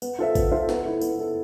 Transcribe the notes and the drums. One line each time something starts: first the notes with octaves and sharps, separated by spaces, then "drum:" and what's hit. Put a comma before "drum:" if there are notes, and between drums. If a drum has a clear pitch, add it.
B3, drum: tambourine
F4 A4 C5 E5
B3, drum: kick G#1, tambourine
F4 A4 C5 E5
B3, drum: snare
E4 A4
B3, drum: tambourine
E4 A4